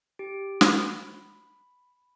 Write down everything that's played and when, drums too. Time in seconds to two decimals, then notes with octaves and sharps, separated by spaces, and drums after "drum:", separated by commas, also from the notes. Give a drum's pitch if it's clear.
0.19 G4 D7
0.61 B5, drum: snare